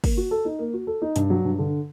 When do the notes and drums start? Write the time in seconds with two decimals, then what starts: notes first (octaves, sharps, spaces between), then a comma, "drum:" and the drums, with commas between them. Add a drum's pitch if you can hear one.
0.04 A#3, drum: kick, open hi-hat
0.17 F#4
0.31 A4
0.45 D#4
0.59 A#3
0.74 F#4
0.87 A4
1.02 D#4
1.16 G2, drum: hi-hat
1.30 F#3
1.45 G2
1.59 D3